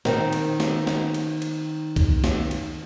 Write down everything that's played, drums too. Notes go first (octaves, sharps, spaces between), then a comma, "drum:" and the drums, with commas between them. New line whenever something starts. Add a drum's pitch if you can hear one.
D#3 C4, drum: snare
drum: cymbal
drum: snare
drum: snare
drum: cymbal
drum: cymbal
drum: kick C2, cymbal
drum: snare
drum: cymbal